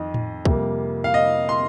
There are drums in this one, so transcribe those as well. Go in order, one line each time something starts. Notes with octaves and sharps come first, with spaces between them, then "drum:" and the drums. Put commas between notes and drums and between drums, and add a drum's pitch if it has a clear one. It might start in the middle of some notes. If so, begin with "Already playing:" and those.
Already playing: F2 D#3 D#5
drum: tom A2
F2 C3 G3 A#3, drum: kick
F5
D#5
C6